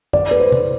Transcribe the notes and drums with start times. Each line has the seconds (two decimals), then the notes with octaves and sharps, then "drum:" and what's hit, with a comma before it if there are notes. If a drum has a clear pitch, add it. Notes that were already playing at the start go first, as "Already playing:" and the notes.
0.13 D5, drum: tom
0.31 B4
0.40 C5
0.52 drum: tom